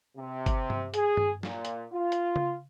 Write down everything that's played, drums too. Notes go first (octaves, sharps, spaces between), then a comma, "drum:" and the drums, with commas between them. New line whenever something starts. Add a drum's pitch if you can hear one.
C3
drum: kick, hi-hat
drum: tom G2
G#4, drum: hi-hat
drum: tom G2
A#2, drum: snare
drum: hi-hat
F4
drum: hi-hat
drum: tom C#3